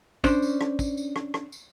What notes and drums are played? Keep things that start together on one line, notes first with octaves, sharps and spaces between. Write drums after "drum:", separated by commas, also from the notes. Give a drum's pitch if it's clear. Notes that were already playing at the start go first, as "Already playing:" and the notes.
C#4 D4 C5, drum: kick, tambourine
drum: tambourine
drum: rim click
drum: kick, tambourine
drum: tambourine
drum: rim click
drum: rim click
drum: tambourine